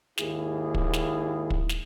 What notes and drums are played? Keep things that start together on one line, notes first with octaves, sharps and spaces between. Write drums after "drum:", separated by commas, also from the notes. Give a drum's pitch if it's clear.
D#2 G#2 E4 G#4, drum: snare
drum: kick
drum: snare
drum: kick
drum: snare